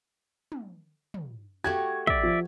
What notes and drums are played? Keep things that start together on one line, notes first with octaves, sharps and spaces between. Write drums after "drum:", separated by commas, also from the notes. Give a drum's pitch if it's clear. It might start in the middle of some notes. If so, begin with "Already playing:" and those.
drum: tom
drum: tom
A3 F#4 G4 G#6
D5 E5, drum: kick
F3